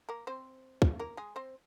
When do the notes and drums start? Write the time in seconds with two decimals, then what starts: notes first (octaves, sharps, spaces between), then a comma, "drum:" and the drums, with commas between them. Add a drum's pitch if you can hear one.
0.09 A#3 A#4
0.27 C4 C5
0.82 drum: kick
0.99 A#3 A#4
1.17 G#3 G#4
1.36 C4 C5